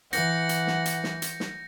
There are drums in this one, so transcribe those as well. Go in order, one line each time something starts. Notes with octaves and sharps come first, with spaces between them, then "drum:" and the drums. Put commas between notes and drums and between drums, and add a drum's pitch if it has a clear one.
E3 F#5 G6 A#6 C#7, drum: hi-hat
drum: hi-hat
drum: snare
drum: hi-hat
drum: snare
drum: hi-hat
drum: snare